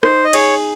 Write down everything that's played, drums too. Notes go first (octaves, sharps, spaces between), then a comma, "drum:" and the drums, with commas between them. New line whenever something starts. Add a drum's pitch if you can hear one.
D#4 C5, drum: rim click
D#5
G#4 C#5, drum: cymbal